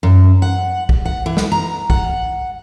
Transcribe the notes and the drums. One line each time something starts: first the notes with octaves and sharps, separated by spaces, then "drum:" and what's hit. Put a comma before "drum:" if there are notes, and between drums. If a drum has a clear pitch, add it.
F#2
F#5
drum: kick
F#5
E3
drum: snare
A#5
F#5, drum: kick